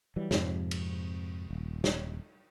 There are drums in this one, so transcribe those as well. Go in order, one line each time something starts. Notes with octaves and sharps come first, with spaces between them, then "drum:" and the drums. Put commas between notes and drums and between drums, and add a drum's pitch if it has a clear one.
E3 F#3 G3
F2 G#2 C3 F3, drum: snare
drum: cymbal
D#1
drum: snare